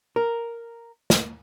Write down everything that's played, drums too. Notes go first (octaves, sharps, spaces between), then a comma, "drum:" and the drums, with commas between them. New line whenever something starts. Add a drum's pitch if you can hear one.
A#4
drum: snare